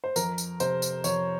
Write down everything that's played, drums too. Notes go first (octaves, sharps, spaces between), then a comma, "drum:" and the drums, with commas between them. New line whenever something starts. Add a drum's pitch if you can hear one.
C5
F2 A#4, drum: tambourine
drum: tambourine
C3 C5, drum: tambourine
drum: tambourine
F2 C#5, drum: tambourine